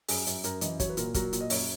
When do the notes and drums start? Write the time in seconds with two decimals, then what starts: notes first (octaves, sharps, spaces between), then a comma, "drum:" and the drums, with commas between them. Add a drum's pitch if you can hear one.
0.09 F#2 G#4, drum: open hi-hat
0.27 F#2, drum: hi-hat
0.44 F#2 A#4, drum: hi-hat
0.61 E3 D#5, drum: hi-hat
0.80 F#3 C#5, drum: kick, hi-hat
0.89 B4
0.97 A#2 A#4, drum: hi-hat
1.14 F#3 A#4, drum: kick, hi-hat
1.33 A#2, drum: hi-hat
1.41 D#5
1.50 F#2 C#5, drum: open hi-hat